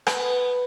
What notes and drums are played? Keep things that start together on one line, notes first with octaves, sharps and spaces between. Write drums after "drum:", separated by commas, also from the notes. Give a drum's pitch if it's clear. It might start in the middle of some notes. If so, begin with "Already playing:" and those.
B3, drum: rim click